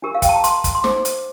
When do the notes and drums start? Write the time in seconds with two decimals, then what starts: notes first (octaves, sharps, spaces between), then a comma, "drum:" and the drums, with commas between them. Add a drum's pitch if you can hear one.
0.02 D4 G4 A#4
0.15 F5
0.22 G5, drum: kick, hi-hat
0.29 A5
0.36 A#5
0.44 C6, drum: hi-hat
0.64 drum: kick, hi-hat
0.75 C6
0.84 D#4 A4 C5 D6, drum: snare
1.05 drum: hi-hat